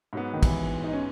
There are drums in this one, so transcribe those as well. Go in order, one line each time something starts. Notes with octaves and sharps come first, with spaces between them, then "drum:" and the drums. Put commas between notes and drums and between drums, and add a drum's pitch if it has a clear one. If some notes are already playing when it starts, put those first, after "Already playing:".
G#2 F#3 B3
D#3
E3, drum: kick, cymbal
D#4
C#4